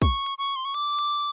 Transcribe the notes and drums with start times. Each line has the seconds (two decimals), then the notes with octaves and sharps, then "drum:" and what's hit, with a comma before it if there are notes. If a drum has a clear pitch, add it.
0.02 C#6, drum: kick, hi-hat
0.26 drum: hi-hat
0.38 C#6
0.56 C6
0.65 C#6
0.74 D6, drum: hi-hat
0.99 drum: hi-hat